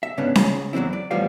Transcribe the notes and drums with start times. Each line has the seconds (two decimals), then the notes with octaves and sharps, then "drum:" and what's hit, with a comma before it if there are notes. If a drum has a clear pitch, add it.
0.03 E5
0.17 G#2 C#3 B3 C#4 D4
0.35 C#3, drum: snare C#4
0.73 E2 F#3 G#3 C4 E4
0.93 D5
1.11 E2 A2 F3 G3 B3 F5